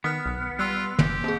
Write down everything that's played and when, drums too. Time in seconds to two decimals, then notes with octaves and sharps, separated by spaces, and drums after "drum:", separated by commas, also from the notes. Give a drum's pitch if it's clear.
0.04 D#3 B3 D#6 F6 F#6
0.26 B1
0.59 G3 F4 C6 E6 F#6
0.99 F#1 G4, drum: tom
1.24 A#3 C4 G#4